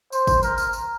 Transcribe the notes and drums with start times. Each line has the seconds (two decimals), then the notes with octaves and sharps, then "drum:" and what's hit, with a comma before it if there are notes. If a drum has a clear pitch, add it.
0.12 C5, drum: tambourine
0.27 drum: kick, tambourine
0.43 A#4, drum: tambourine
0.58 drum: tambourine
0.73 drum: tambourine